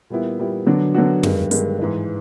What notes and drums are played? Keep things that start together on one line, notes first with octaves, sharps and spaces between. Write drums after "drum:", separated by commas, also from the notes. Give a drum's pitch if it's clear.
A#2 G3 B3 E4
A#2 G3 B3 E4
D3 F#3 B3 D4 F#4
D3 F#3 B3 D4 F#4
G2 D#3 G#3, drum: tom
G2 D#3 G#3, drum: hi-hat
G#2 E3 G#3